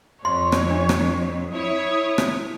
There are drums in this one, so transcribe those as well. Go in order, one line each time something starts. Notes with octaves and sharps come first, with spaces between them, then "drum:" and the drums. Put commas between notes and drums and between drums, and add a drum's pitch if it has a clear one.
F2 C#5 C6
drum: rim click
D4
drum: rim click
E4 C#5 D#6
drum: rim click